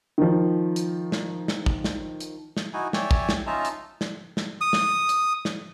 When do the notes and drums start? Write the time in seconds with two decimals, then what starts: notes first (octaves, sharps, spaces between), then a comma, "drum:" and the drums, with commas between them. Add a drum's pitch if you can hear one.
0.18 D#3 F3
0.76 drum: hi-hat
1.12 drum: snare
1.48 drum: snare
1.66 drum: kick
1.84 drum: snare
2.20 drum: hi-hat
2.57 drum: snare
2.74 D#4 E4 F#4 G#5
2.93 C#5 D5 E5 G5 G#5, drum: snare
3.11 drum: kick
3.29 drum: snare
3.47 C#4 D#4 F4 E5 A5 A#5
3.65 drum: hi-hat
4.01 drum: snare
4.37 drum: snare
4.61 D#6
4.73 drum: snare
5.09 drum: hi-hat
5.45 drum: snare